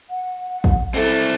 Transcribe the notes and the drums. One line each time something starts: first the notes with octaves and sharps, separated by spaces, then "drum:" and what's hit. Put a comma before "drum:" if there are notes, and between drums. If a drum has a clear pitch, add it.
F#5
drum: kick
C4 E4 A4